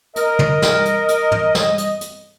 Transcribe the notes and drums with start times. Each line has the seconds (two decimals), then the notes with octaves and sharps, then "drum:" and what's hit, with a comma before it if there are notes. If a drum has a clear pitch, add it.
0.16 A#4 D#5, drum: hi-hat
0.39 drum: tom
0.62 drum: snare
0.85 drum: hi-hat
1.08 drum: hi-hat
1.32 drum: tom
1.55 drum: snare
1.78 drum: hi-hat
2.01 drum: hi-hat